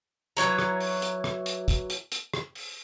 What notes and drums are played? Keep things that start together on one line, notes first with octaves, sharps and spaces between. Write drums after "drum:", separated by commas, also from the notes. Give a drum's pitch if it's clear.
E3 F#3 C#5 A#5
drum: rim click
drum: open hi-hat
drum: hi-hat
drum: rim click
drum: hi-hat
drum: kick, hi-hat
drum: hi-hat
drum: hi-hat
drum: rim click
drum: open hi-hat